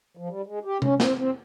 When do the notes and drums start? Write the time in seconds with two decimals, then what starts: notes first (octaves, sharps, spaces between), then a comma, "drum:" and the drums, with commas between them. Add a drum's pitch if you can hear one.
0.17 F3
0.29 G3
0.47 G#3
0.65 G4
0.82 C#4, drum: tom C3
1.00 C4, drum: snare
1.18 C4